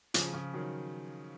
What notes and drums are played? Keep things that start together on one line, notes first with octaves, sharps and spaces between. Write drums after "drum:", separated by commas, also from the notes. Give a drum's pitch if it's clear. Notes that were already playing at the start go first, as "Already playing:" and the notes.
C#3 F3, drum: hi-hat
C#3 F3
D#3 F#3